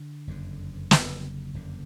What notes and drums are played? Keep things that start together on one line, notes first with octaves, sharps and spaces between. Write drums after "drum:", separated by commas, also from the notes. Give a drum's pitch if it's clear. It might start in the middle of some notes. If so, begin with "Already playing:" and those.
Already playing: D3
F#1 F2 D3
F#1 F2 D3, drum: snare
F#1 F2 D3